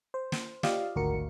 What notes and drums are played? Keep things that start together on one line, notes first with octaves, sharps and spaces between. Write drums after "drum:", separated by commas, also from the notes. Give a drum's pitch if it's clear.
C5
drum: snare
F4 G4 D5 D#5 F5, drum: snare
G#1 D2 F#4 A#4 C#7
D2